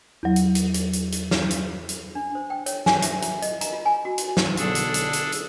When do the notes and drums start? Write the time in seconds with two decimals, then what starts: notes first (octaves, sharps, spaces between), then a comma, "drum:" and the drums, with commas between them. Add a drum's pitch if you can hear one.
0.23 E2 F#3
0.36 drum: hi-hat
0.55 drum: hi-hat
0.74 drum: hi-hat
0.93 drum: hi-hat
1.12 drum: hi-hat
1.31 drum: snare
1.50 drum: hi-hat
1.89 drum: hi-hat
2.15 D4
2.35 C5
2.50 G5
2.66 C#5, drum: hi-hat
2.86 G#5, drum: snare
3.02 E5, drum: hi-hat
3.22 E4, drum: hi-hat
3.42 D#5, drum: hi-hat
3.61 A#5, drum: hi-hat
3.73 F4
3.85 G#5
4.05 F#4
4.18 drum: hi-hat
4.37 drum: snare
4.57 B1 D3 D4 G#4 A4, drum: hi-hat
4.75 drum: hi-hat
4.94 drum: hi-hat
5.13 drum: hi-hat
5.32 drum: hi-hat